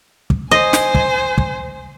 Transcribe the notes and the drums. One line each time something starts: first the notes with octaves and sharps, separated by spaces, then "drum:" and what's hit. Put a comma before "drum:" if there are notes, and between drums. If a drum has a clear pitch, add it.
drum: kick
C5 D#5 G#5
drum: snare
drum: kick
drum: kick